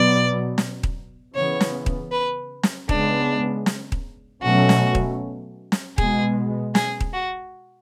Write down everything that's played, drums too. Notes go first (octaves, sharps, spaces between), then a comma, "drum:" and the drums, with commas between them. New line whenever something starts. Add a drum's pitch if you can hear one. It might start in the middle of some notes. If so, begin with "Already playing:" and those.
Already playing: B2 F#3 B3 D5
drum: snare
drum: kick D#1
C#3 E3 B3 C#5
drum: snare
drum: kick D#1
B4
drum: snare
C#3 G#3 B3 D4, drum: kick D#1
drum: snare
drum: kick D#1
B2 F#3 A3 C#4 F#4
drum: snare
drum: kick D#1
drum: snare
B2 G#3 B3 G#4, drum: kick D#1
G#4, drum: snare
drum: kick D#1
F#4